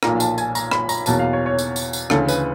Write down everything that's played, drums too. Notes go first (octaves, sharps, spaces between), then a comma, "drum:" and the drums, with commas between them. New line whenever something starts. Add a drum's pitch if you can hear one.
B1 A#2 F3 A#3 A#5, drum: rim click
A5, drum: tambourine
G#5, drum: tambourine
A#5, drum: tambourine
B5, drum: rim click
A#5, drum: tambourine
E2 B2 F#3 A#3 A5, drum: tambourine
F5
C#5
C#5
drum: tambourine
drum: tambourine
drum: tambourine
D2 C#3 E3 A4, drum: rim click
B4, drum: tambourine